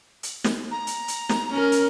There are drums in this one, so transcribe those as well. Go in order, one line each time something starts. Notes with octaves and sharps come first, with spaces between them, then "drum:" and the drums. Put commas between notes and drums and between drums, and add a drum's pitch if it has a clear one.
drum: hi-hat
drum: snare
A#5
drum: hi-hat
drum: hi-hat
drum: snare
C#4 A#4
drum: hi-hat